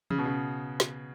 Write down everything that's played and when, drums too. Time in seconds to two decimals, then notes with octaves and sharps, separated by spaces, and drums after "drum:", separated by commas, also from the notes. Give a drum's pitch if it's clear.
0.10 C#3, drum: tom
0.18 B2
0.26 C#3
0.80 drum: snare